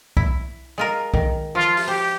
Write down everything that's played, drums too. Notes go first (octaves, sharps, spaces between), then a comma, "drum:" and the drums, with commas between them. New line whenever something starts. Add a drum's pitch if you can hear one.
E4, drum: kick B1
G#3 F4 A#4
D#3, drum: kick B1
F3 F4
drum: open hi-hat
G4 C5